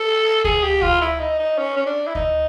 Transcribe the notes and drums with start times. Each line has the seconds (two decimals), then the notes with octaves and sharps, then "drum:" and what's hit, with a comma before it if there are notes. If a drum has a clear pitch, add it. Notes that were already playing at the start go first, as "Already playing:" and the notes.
Already playing: A4
0.44 G#4, drum: kick D2
0.63 G4
0.82 F4, drum: kick D2
1.01 E4
1.19 D#4
1.39 D#4
1.58 C#4
1.77 C#4
1.86 D4
2.07 E4
2.15 D#4, drum: kick D2